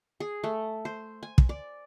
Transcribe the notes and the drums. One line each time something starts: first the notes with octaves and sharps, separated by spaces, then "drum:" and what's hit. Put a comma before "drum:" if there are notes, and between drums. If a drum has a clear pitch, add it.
G#4
A3
C5
G#5
drum: kick
D5